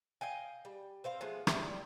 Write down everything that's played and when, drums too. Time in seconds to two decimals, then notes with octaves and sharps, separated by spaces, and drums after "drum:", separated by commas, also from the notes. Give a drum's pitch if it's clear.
0.21 D#5 F5 G5 G#5
0.65 G3
1.04 C4 C5 F5
1.21 F3 G#3 A3 B3
1.47 G3 E4, drum: rim click